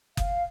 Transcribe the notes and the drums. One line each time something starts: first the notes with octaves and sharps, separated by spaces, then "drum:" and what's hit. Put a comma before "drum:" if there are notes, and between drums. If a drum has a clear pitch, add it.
F5, drum: kick F#1, hi-hat